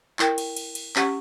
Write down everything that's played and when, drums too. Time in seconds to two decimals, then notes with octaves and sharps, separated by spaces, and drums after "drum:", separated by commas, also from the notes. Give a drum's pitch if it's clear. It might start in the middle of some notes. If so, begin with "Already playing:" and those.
0.19 E4 A#4 G5, drum: clap
0.38 drum: cymbal
0.56 drum: cymbal
0.75 drum: cymbal
0.96 C#4 G4 F#5 C#6, drum: clap